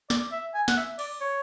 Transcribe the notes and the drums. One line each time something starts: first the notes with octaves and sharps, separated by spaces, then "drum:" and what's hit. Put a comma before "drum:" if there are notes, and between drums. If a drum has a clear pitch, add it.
D5, drum: snare
E5
G#5
F#5, drum: snare
E5
D5, drum: cymbal
C#5